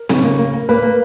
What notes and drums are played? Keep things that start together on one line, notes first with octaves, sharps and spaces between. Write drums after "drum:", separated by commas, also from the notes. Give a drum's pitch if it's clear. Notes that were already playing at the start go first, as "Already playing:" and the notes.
Already playing: A#4
C#3, drum: snare
A#3
A#3
A#3
A#3 B4
A#3